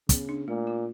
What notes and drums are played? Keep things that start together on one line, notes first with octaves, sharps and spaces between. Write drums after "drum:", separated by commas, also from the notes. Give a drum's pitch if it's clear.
C#3 B3, drum: kick, hi-hat
D4
A#2 A3
F4